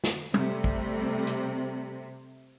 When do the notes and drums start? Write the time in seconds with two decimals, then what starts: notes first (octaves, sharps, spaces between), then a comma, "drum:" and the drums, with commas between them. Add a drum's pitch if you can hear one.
0.04 drum: snare
0.34 C3 G3 A3, drum: tom
0.64 drum: kick
1.27 drum: hi-hat